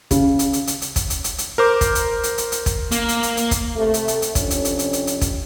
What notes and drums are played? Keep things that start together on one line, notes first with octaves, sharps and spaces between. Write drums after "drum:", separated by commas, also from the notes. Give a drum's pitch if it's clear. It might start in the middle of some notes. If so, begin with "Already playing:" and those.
C#3, drum: kick, hi-hat
drum: hi-hat
drum: hi-hat
drum: hi-hat
drum: hi-hat
drum: kick, hi-hat
drum: hi-hat
drum: hi-hat
drum: hi-hat
A#4 C5 D6
drum: kick, hi-hat
drum: hi-hat
drum: hi-hat
drum: hi-hat
drum: hi-hat
drum: kick, hi-hat
A#3, drum: hi-hat
drum: hi-hat
drum: hi-hat
drum: hi-hat
drum: kick, hi-hat
C3 A3
drum: hi-hat
drum: hi-hat
drum: hi-hat
F2 C3 C#4 D4 C#5, drum: kick, hi-hat
drum: hi-hat
drum: hi-hat
drum: hi-hat
drum: hi-hat
drum: hi-hat
drum: kick, hi-hat